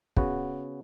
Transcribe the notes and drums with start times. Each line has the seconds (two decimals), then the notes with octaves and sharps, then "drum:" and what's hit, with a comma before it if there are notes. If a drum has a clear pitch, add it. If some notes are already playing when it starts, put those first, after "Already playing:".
0.17 C#3 B3 F#4, drum: kick